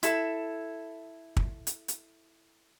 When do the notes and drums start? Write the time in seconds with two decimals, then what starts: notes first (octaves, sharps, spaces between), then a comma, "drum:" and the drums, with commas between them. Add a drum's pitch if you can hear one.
0.03 E4 A4, drum: hi-hat
1.37 drum: kick
1.67 drum: hi-hat
1.88 drum: hi-hat